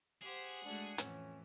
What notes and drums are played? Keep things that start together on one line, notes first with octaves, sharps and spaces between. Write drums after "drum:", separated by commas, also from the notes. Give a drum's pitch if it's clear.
G4 G#4 C5 F#5
G#3 A3 D4 F#4
F2 A2 E3 C#4, drum: hi-hat